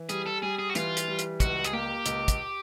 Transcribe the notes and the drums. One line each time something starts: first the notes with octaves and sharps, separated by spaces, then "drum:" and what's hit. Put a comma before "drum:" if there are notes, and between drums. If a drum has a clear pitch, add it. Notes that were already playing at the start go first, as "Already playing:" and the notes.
Already playing: E3
G3 G#4, drum: hi-hat
A4
G3 G#4
G#4
F#4
E3 F4, drum: hi-hat
drum: hi-hat
G3
drum: hi-hat
C#2 F#4, drum: kick, hi-hat
G#4, drum: hi-hat
A#3 G4
C#2, drum: hi-hat
drum: kick, hi-hat